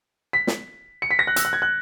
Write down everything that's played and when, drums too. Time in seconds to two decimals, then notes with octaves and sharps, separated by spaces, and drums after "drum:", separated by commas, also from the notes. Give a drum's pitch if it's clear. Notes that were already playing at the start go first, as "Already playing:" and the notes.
0.33 B6
0.47 drum: snare
1.02 C#7
1.11 B6
1.19 A#6
1.27 F#6
1.36 E6, drum: hi-hat
1.45 F#6
1.53 G#6
1.62 F#6